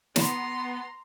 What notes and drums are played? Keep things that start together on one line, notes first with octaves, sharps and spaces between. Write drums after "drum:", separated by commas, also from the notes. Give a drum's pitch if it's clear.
B3 A#5 C6, drum: snare